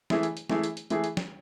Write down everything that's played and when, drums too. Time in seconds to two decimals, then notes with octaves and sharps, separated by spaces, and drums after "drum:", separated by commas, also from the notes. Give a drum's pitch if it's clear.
0.10 E3 A3 E4 G#4, drum: snare
0.23 drum: hi-hat
0.37 drum: hi-hat
0.50 E3 A3 E4 G#4, drum: snare
0.63 drum: hi-hat
0.77 drum: hi-hat
0.90 E3 A3 E4 G#4, drum: hi-hat
1.04 drum: hi-hat
1.17 drum: snare